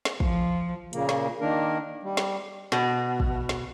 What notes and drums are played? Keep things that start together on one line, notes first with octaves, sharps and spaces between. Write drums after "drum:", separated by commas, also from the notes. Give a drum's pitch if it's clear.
drum: snare
F3, drum: kick
A#2 C#3 A#3, drum: hi-hat
drum: snare
D#3 A#3 D4 A#4
G3
drum: snare
B2, drum: snare
drum: kick
drum: snare